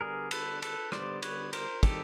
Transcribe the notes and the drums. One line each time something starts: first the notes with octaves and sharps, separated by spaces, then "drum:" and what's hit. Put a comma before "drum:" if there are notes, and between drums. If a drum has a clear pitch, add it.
D3 G3 B3 G#4 A#4
A4 B4, drum: cymbal
A4 B4, drum: cymbal
D3 G3 B3 C5 D5, drum: rim click
B4 C#5, drum: cymbal
A#4 C5, drum: cymbal
D#3 G3 C4 G4 A4, drum: kick, cymbal